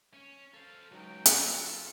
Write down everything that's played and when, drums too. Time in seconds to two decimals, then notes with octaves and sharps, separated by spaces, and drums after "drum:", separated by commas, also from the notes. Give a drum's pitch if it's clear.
0.14 C#4 C#5
0.54 A4 C5 F5
0.91 C#2 F#3 D#4 G5
1.26 B4, drum: hi-hat
1.58 F4 A4